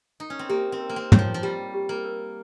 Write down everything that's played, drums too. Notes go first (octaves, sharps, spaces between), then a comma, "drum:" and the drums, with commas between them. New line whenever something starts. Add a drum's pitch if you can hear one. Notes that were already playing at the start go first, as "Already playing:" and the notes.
D#4
C#4
C4
A#3 G4
C4
A#4
A#3
C4
C#5, drum: tom
F3
F3
G3 G4
G4
A#3
A#4